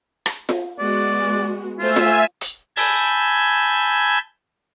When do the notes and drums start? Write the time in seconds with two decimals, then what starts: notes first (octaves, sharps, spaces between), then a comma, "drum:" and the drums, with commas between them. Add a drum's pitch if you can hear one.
0.26 drum: rim click
0.49 drum: snare F4
0.79 G#3 B3 F#4 D5
1.79 A3 F4 C5 E5 G#5 E6
1.96 drum: snare F4
2.41 drum: hi-hat
2.77 G#5 A5 B5 E6 G6 G#6, drum: open hi-hat